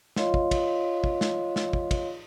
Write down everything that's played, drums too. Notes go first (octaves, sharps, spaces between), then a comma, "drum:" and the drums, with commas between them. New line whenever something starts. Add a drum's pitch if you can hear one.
F4 C#5 D#5 F5 C6, drum: snare
drum: kick
drum: kick, cymbal
drum: kick
drum: snare
drum: snare
drum: kick
drum: kick, cymbal